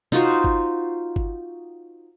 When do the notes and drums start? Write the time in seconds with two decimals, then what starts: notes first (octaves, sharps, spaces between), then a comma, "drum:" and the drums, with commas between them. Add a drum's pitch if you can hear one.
0.12 D#4 F4 F#4 C5, drum: tom
0.44 drum: kick G1
1.16 drum: kick G1